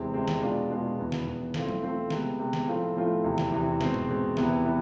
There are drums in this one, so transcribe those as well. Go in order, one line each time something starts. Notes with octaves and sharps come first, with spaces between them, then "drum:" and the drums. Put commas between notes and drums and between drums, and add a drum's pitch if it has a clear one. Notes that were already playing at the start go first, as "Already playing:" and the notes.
Already playing: E2 C3 G#3 C4
E2 C3 G#3 C4
drum: snare
B2 G#3 D4 F4
B2 G#3 D4 F4
E2 B2 B3
drum: snare
E2 B2 B3
E3 A3 C4 F4, drum: snare
drum: tom F#3
E3 A3 C4 F4
C3 G#3 B3, drum: snare
C3 G#3 B3
drum: snare
A2 F3 A3 C4 F4
A2 F3 A3 C4 F4
E2 C3 E3
drum: snare
E2 C3 E3
B2 G#3 C4, drum: snare
drum: tom G#2
B2 G#3 C4
E2 C3 E3 B3 E4, drum: snare
E3 B3 E4